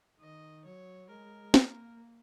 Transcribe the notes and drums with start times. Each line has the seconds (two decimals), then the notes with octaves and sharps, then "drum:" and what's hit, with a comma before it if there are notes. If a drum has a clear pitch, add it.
0.20 D#3 D#5
0.65 F#3 C#5
1.10 G#3 A#4
1.54 A#3, drum: snare